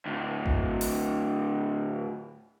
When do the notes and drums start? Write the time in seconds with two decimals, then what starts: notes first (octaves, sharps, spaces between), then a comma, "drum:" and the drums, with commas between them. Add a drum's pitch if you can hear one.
0.06 D2 A2
0.46 drum: kick G#1
0.81 drum: open hi-hat